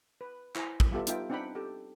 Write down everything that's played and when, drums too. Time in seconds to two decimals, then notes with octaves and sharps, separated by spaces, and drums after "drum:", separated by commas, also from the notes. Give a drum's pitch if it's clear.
0.21 B4
0.55 E4 C5 G#5 A#5, drum: clap
0.80 drum: kick A1
0.92 G3 B3 F4 G4 A4 E5
1.07 B3 D#4 F4 E5 G5, drum: hi-hat
1.30 C4 D4 D#4 F#5 G5 B5
1.55 G4 A4 G5